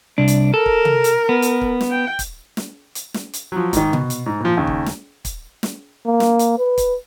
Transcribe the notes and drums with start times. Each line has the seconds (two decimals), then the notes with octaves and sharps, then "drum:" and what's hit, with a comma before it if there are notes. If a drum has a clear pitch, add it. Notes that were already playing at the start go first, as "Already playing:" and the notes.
0.18 C2 D4
0.28 drum: hi-hat
0.54 A4 A#4
0.66 drum: kick
0.85 drum: tom C3
1.04 drum: hi-hat
1.29 B3
1.42 drum: hi-hat
1.61 drum: kick
1.81 drum: snare
1.91 G5
2.19 drum: kick, hi-hat
2.57 drum: snare
2.95 drum: hi-hat
3.14 drum: snare
3.33 drum: hi-hat
3.52 F3 F#3
3.73 G#2 D#3, drum: kick, hi-hat
3.93 B2, drum: tom C3
4.10 drum: hi-hat
4.26 G#2
4.41 A#2 F3
4.57 D#2 C#3
4.67 drum: kick
4.86 drum: snare
5.25 drum: kick, hi-hat
5.63 drum: snare
6.06 A#3
6.20 drum: snare
6.39 drum: hi-hat
6.58 B4
6.78 drum: kick, hi-hat